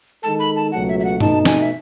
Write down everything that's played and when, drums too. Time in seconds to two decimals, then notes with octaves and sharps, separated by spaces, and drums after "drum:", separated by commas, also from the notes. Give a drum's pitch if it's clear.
0.23 D#3 G#3 D#4 A4 A5
0.39 B5
0.56 A5
0.72 C#2 B2 F#3 A3 F#5
0.88 E5
0.99 E5
1.05 F#5
1.20 B2 A3 D#4 A5, drum: tom G2
1.45 G#5, drum: snare
1.61 E5